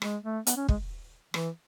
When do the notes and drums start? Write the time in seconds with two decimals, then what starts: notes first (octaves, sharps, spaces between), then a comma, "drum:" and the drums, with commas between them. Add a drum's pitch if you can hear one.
0.02 G#3, drum: rim click
0.24 A3
0.47 B3, drum: hi-hat
0.57 C#4
0.69 G#3, drum: kick
1.34 E3, drum: rim click